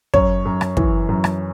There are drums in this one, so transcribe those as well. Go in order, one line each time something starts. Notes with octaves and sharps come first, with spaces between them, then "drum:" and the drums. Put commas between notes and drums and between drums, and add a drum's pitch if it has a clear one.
F#2 C#5, drum: kick
F#2
drum: rim click
E3, drum: kick
F#2
drum: rim click